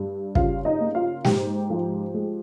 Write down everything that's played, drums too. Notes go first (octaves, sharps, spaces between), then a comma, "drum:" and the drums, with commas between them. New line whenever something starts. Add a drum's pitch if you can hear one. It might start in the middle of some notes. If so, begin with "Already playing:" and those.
Already playing: G2 G3
C#3 F4 F5, drum: kick
D#4 D#5
A#3
F4 F5
G#2 G4 G5, drum: snare
F3
G#3